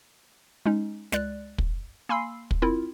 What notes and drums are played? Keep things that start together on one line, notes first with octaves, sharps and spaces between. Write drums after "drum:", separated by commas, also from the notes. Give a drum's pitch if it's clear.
G#3 C#4 D#4
C#2 G#3 D5 F#6, drum: snare
drum: kick
A#3 G#5 B5 C6 E6 C7
drum: kick
C4 E4 F4 A#4